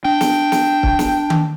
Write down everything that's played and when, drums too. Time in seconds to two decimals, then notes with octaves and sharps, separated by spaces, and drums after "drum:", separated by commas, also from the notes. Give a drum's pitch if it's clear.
0.05 D4 G5
0.21 drum: snare
0.52 drum: snare
0.83 drum: kick C#1
0.99 drum: snare
1.30 drum: tom D#3